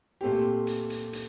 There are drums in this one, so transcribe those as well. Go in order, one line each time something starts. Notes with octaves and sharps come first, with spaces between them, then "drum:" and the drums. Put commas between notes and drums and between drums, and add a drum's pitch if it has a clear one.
A#2 A3 C4 G4
drum: hi-hat
drum: hi-hat
drum: hi-hat